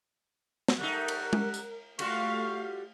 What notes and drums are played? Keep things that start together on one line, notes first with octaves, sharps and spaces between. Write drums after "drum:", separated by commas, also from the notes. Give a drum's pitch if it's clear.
drum: snare
G3 A3 D#4 A#4 F#5
drum: cymbal
drum: tom
drum: tambourine
G3 A3 F4 F#4 F5 C#6, drum: cymbal